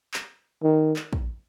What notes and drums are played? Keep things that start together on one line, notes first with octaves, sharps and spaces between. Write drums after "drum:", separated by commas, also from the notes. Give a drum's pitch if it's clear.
drum: clap
D#3
drum: clap
drum: kick